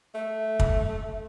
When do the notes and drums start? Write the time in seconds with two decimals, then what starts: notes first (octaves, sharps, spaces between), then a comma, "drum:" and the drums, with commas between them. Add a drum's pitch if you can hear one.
0.14 A3
0.59 drum: kick